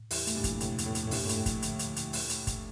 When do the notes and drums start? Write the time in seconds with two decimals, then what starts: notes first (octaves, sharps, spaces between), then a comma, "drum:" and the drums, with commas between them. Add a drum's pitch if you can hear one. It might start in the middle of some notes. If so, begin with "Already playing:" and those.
Already playing: A2
0.11 E2 E3 G3, drum: open hi-hat
0.27 A3, drum: hi-hat
0.35 G2 A#2
0.44 F3, drum: kick G1, hi-hat
0.51 G2
0.61 A2 C3, drum: hi-hat
0.78 E2, drum: hi-hat
0.86 A2
0.95 A3, drum: hi-hat
1.07 A2
1.11 D2 G2 A#2, drum: open hi-hat
1.25 A2
1.29 A3, drum: hi-hat
1.36 A2
1.46 F3, drum: kick G1, hi-hat
1.62 D3, drum: hi-hat
1.79 D2, drum: hi-hat
1.96 A3, drum: hi-hat
2.13 D2, drum: open hi-hat
2.30 A3, drum: hi-hat
2.47 F3, drum: kick G1, hi-hat